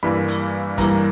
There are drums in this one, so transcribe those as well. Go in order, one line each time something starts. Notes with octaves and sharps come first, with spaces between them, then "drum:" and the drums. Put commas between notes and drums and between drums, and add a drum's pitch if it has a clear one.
G2 E3 G3 A#3 B5
drum: hi-hat
G2 E3 G3 A#3 A#5, drum: kick, hi-hat